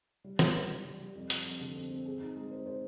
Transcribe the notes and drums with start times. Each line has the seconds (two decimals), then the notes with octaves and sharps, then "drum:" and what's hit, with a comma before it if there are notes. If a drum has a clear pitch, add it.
0.24 G3
0.39 G3, drum: snare
0.55 G3
0.69 G3
0.85 G3
1.00 G3
1.15 F2
1.30 F3, drum: hi-hat
1.45 F2
1.60 D3
1.76 C4
1.90 C4
2.05 G#4
2.21 D#4
2.36 G#3
2.51 C5
2.66 C5